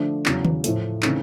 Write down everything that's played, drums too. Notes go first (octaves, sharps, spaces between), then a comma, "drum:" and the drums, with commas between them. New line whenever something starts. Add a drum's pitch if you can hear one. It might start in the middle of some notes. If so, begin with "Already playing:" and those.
Already playing: D3 F3 A3 D4
E2 C#3 F#3, drum: clap
drum: tom D#3
A2 F3 A3, drum: hi-hat
C#3 E3 A3 C4 D#4, drum: clap